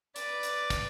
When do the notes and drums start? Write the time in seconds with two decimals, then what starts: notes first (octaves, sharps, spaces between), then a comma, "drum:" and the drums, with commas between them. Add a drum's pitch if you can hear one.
0.16 B4 D5, drum: hi-hat
0.43 drum: hi-hat
0.70 drum: kick, hi-hat